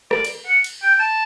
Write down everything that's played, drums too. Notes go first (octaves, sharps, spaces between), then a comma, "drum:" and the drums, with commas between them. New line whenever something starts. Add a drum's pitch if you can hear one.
D5, drum: rim click
drum: cymbal
F#5
drum: cymbal
G5
G5
A5